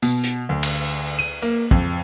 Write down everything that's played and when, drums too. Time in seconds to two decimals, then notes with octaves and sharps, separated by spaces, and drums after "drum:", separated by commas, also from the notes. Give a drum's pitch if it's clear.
0.02 B2, drum: tambourine
0.24 drum: hi-hat
0.49 D2
0.63 drum: cymbal
1.19 D#7
1.42 A#3
1.71 F2, drum: kick